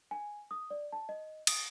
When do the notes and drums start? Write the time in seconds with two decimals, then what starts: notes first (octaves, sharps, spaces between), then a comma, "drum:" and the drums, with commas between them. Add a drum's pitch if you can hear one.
0.11 G#5
0.51 D#6
0.70 D5
0.92 A5
1.09 D#5
1.47 D#6, drum: cymbal